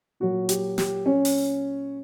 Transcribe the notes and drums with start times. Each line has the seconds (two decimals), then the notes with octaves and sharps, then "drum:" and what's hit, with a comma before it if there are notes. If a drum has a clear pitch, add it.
0.20 A#2 F#3 F#4
0.49 G4, drum: hi-hat
0.78 G4, drum: snare
1.06 C#4
1.25 drum: open hi-hat